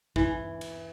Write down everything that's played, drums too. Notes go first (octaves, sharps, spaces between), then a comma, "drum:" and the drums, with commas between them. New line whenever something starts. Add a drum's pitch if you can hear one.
E3, drum: kick
drum: cymbal